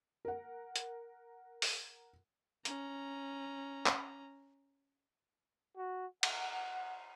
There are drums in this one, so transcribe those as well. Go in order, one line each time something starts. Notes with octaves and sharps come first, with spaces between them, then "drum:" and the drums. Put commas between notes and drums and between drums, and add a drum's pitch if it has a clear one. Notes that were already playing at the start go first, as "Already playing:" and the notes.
A#4 F#5
drum: hi-hat
drum: open hi-hat
C#4 A#5, drum: hi-hat
drum: clap
F#4
F#5, drum: cymbal